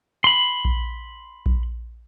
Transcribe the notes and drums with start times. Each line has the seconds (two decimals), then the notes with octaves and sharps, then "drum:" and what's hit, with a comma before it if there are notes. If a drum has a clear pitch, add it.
0.24 B5 C6
0.65 drum: kick A#1
1.46 drum: kick A#1